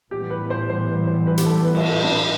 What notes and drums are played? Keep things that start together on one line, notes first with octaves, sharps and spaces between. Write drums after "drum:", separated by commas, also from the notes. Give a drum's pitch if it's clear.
A2 E3 G3 B3 G4
B4
C5
C5
C5
B4
G4, drum: hi-hat
A4
B4
drum: cymbal
A4
D4